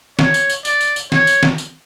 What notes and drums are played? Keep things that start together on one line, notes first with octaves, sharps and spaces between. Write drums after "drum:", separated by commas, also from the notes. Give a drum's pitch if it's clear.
C#5, drum: snare
drum: tambourine
drum: tambourine
D5, drum: tambourine
drum: tambourine
drum: tambourine
C#5, drum: snare
drum: tambourine
drum: snare
drum: tambourine